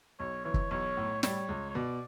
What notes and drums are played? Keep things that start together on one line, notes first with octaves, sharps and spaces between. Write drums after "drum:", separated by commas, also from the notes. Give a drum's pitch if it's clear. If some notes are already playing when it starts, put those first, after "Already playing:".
B1 C#5
E3 C#5
drum: kick
B1 C#5
A2
G3 C#5, drum: snare
C#2
C#5
B2 D5